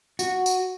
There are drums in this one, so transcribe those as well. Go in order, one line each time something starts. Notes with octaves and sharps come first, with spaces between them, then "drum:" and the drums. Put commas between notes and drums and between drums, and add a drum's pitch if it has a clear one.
F#4, drum: tambourine
drum: tambourine